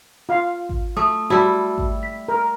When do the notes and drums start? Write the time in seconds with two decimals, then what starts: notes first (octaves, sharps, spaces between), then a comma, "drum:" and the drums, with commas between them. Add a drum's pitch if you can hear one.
0.29 F4 F5
0.69 drum: kick G#1
0.97 A3 D#6
1.30 G3 E4 F#4 A5 E6
1.78 drum: kick G#1
2.03 B6
2.28 A#4